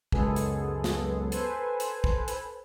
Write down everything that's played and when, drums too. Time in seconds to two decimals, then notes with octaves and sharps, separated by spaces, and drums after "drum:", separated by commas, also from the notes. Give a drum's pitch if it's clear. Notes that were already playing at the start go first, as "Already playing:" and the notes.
0.12 C#2 F#2 G#3 B3 G#4 A4, drum: kick
0.36 drum: hi-hat
0.84 drum: snare
1.32 A4 B4 C5 G#5, drum: hi-hat
1.80 drum: hi-hat
2.04 drum: kick
2.28 drum: hi-hat